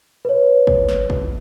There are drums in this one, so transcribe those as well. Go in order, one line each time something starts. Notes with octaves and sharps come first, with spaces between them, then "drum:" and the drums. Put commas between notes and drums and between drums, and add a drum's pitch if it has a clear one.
B4 C#5
drum: kick
drum: snare
drum: kick